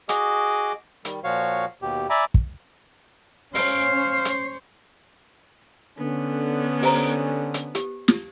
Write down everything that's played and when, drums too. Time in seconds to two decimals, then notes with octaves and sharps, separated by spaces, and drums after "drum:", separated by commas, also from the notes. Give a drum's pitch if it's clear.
0.09 F#4 G#4 D#5 D6, drum: hi-hat
1.05 D#3 G3, drum: hi-hat
1.24 A#2 F3 F#4 C#5 F5
1.82 D#2 B2 G4
2.10 D5 E5 G#5 A#5 B5 D6
2.34 drum: kick
3.55 C#4 C5 C#5 F5 C7, drum: open hi-hat
4.25 drum: hi-hat
5.98 D3 B3 C#4
6.82 G4 C5 A#5, drum: open hi-hat
7.54 drum: hi-hat
7.75 G4, drum: hi-hat
8.08 drum: snare